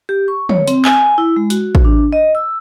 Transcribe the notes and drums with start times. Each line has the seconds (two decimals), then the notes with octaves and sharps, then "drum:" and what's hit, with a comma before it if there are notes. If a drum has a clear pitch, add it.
0.09 G4
0.28 C#6
0.49 C#5, drum: tom
0.68 C4, drum: hi-hat
0.85 G#5, drum: clap
0.98 G#5
1.18 E4
1.36 G#3
1.50 F#4, drum: hi-hat
1.75 drum: kick
1.84 D4
2.12 D#5
2.35 E6